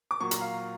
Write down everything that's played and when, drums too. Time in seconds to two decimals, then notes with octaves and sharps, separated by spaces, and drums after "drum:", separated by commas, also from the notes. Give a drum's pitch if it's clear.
0.11 D6
0.20 A#2 F#3 C#6
0.31 A#5, drum: hi-hat
0.41 F5